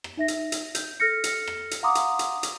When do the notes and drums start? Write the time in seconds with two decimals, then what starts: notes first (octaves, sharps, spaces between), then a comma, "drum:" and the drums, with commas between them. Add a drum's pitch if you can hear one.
0.04 drum: rim click
0.17 D#4 E5 A#6
0.28 drum: hi-hat
0.52 drum: hi-hat
0.75 G6, drum: hi-hat
1.00 A4 F6 A#6 C#7
1.24 drum: hi-hat
1.47 drum: rim click
1.71 drum: hi-hat
1.83 F5 F#5 A#5 C6 D6 D#6
1.95 drum: hi-hat
2.19 drum: hi-hat
2.43 drum: hi-hat